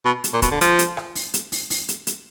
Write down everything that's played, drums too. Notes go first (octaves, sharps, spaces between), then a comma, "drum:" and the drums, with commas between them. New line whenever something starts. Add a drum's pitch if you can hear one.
B2
drum: hi-hat
A#2
B2, drum: kick, hi-hat
D3
F3, drum: hi-hat
drum: hi-hat
drum: rim click
drum: open hi-hat
drum: hi-hat
drum: open hi-hat
drum: open hi-hat
drum: hi-hat
drum: hi-hat